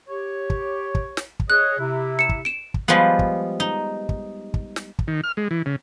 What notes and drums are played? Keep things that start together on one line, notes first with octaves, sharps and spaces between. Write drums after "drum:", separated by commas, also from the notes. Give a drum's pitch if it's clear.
G4 C#5
drum: kick
drum: kick
drum: snare
drum: kick
G#4 C#5 D#5 F#6
C3 E4
C#7 E7
drum: kick
D7 E7
drum: kick
F3 G3 G#3 B3
drum: kick
D#4
drum: kick
drum: kick
drum: snare
drum: kick
D#3
F6
G#3
E3
C#3